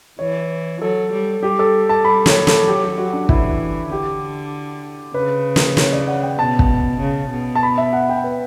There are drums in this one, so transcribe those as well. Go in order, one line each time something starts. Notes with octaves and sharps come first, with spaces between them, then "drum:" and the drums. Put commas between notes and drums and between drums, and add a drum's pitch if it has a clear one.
E3 C#5
F#3 A4
G3
G3 G4
A4
A5
G3 B5
C#5, drum: snare
F#3
A4, drum: snare
G4
G4
F#4
D4
E3 E4, drum: kick
D3 G4
C#3 B4
drum: snare
C#5, drum: snare
D5
F#5
G5
B2 A5
drum: kick
C#3
B2
A5
B5
E5
F#5
G5
B4